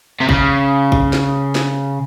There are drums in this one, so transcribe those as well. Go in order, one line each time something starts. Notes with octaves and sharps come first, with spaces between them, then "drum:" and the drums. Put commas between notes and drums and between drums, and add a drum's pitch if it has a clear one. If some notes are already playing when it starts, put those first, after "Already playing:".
C3
C#3, drum: kick A1
drum: kick A1
drum: snare
drum: snare